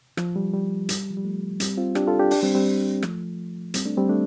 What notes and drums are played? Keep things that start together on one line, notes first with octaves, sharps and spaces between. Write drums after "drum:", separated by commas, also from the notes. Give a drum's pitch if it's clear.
F3, drum: rim click
G3
G3
drum: hi-hat
F3
G3
F3 A3
G3 C4, drum: hi-hat
C4 F4
D4 G4, drum: rim click
F4 A4
D4 G4
D4 G4, drum: open hi-hat
G3 C4
G3 C4
F3 A3, drum: rim click
G3 C4, drum: hi-hat
A3 D4
G3 C4
A3 D4